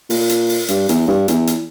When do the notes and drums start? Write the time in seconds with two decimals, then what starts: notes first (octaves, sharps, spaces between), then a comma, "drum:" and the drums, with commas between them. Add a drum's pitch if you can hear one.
0.10 A#2, drum: open hi-hat
0.29 drum: hi-hat
0.49 drum: open hi-hat
0.68 G2, drum: hi-hat
0.89 E2, drum: hi-hat
1.07 G2
1.28 E2, drum: hi-hat
1.47 drum: hi-hat